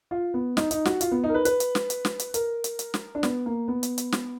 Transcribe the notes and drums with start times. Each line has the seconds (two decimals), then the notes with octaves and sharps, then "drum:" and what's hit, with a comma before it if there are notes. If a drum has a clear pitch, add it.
0.11 F4
0.34 B3
0.57 D#4, drum: snare
0.71 D#4, drum: hi-hat
0.85 F#4, drum: snare
1.01 F4, drum: hi-hat
1.11 B3
1.24 D#4
1.29 A#4
1.34 B4
1.45 B4, drum: hi-hat
1.60 drum: hi-hat
1.75 drum: snare
1.90 drum: hi-hat
2.05 drum: snare
2.19 drum: hi-hat
2.34 A#4, drum: hi-hat
2.64 drum: hi-hat
2.79 drum: hi-hat
2.94 drum: snare
3.15 D4
3.23 B3, drum: snare
3.46 A#3
3.68 B3
3.83 drum: hi-hat
3.98 drum: hi-hat
4.12 drum: snare